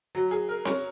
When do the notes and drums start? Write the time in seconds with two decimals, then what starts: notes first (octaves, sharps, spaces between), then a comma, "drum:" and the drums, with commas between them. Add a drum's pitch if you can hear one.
0.15 F#3
0.31 G#4
0.49 A#4
0.65 C#5, drum: snare C4